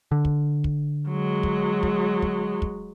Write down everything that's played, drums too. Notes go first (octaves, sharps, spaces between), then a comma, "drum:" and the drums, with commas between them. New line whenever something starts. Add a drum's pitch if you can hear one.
D3
drum: kick
drum: kick
F#3 G#3
drum: kick
drum: kick
drum: kick
drum: kick